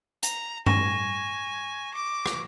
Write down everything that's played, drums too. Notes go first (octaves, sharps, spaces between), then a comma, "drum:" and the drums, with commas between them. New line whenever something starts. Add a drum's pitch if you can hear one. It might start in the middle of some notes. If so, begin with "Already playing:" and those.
A#5, drum: hi-hat
G#5 C#6 A#6 E7, drum: tom G2
D6
drum: rim click